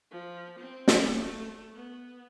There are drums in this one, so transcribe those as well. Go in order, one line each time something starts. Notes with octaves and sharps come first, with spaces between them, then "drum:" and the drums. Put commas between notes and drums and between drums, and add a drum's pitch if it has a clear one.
F3
C4
drum: snare
A3
B3